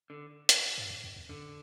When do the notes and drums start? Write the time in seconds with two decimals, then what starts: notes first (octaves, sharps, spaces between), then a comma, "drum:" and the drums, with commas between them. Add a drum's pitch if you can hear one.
0.10 D3
0.49 drum: hi-hat
0.78 G#2
0.86 G2
0.90 F#2
1.04 F2
1.16 E2
1.29 F2 D3